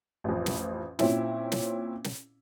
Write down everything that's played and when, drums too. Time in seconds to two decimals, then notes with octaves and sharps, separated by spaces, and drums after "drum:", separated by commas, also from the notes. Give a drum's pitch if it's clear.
0.24 A1 F2
0.46 drum: snare
0.99 A#2 C4 C#4 E4, drum: snare
1.52 drum: snare
2.04 drum: snare